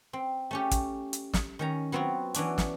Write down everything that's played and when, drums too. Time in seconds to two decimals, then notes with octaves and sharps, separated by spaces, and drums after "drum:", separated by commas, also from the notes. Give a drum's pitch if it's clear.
0.13 C4
0.51 A3 C#4 G4
0.71 drum: kick, hi-hat
1.13 drum: hi-hat
1.34 drum: snare
1.59 D#3 C#4 A#5
1.92 F#3 B3 C4 F4 F#4
2.34 E3 C#4 D4 F#4, drum: hi-hat
2.58 drum: snare